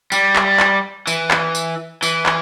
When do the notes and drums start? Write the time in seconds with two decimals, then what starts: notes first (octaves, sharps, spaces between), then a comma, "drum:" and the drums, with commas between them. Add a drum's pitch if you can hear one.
0.12 G3, drum: tambourine
0.36 drum: clap
0.60 drum: clap
1.07 E3, drum: tambourine
1.31 drum: clap
1.55 drum: tambourine
2.03 E3, drum: tambourine
2.26 drum: clap